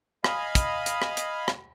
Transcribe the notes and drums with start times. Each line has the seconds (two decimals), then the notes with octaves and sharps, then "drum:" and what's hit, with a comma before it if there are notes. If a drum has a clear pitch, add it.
0.24 D#5 F5 G#5 B5, drum: rim click
0.55 drum: kick, hi-hat
0.86 drum: hi-hat
1.02 drum: rim click
1.17 drum: hi-hat
1.48 drum: rim click